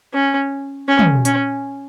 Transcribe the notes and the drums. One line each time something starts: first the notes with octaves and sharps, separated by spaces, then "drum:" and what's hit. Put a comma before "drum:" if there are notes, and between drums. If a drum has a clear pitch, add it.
C#4
C#4
drum: tom
C#4, drum: hi-hat